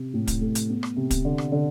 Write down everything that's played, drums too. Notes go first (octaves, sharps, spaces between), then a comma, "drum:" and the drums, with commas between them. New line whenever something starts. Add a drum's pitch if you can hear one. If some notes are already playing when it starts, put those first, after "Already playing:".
Already playing: C3
A2
drum: kick, hi-hat
A3
drum: hi-hat
B3
drum: rim click
C3
drum: kick, hi-hat
D3
drum: rim click
D3